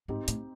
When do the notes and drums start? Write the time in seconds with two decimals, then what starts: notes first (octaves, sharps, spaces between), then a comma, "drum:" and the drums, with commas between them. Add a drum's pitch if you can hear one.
0.08 G#2 C4 D#4 G4
0.28 A2, drum: hi-hat